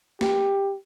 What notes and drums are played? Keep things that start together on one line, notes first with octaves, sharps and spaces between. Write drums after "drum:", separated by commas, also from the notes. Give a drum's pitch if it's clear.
G4, drum: snare